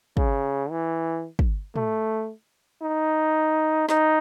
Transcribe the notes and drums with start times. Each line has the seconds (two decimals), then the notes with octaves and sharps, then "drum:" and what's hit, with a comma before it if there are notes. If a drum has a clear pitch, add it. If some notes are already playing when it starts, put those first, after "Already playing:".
0.17 C#3, drum: kick
0.70 E3
1.39 drum: kick
1.76 A3, drum: tom
2.82 D#4
3.89 D#4, drum: snare